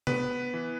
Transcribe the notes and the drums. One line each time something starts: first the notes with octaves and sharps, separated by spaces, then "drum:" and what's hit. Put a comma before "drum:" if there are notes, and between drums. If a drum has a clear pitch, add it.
B3 B4, drum: tom C3
E3